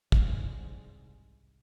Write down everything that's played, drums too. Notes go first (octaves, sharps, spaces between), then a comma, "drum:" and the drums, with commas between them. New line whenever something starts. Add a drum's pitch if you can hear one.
C2 G#2, drum: kick